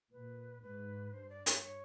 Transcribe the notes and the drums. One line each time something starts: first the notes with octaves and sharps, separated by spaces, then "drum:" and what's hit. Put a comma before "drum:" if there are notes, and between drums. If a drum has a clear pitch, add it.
A#2 B4
G#2 B4
G2 C5
D5
C#5, drum: hi-hat
C#5